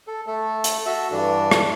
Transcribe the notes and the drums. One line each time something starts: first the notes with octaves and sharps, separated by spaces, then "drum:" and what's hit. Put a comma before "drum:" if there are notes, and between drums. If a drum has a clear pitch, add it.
A4
A3 A4
drum: hi-hat
F#4 A4 E5
G2 E3 D4
drum: rim click